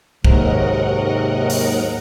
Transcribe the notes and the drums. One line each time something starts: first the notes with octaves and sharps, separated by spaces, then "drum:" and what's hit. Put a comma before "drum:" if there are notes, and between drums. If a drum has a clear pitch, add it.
D#2 G#2 C3 F#3 A#4 D#5 F#5, drum: kick
drum: open hi-hat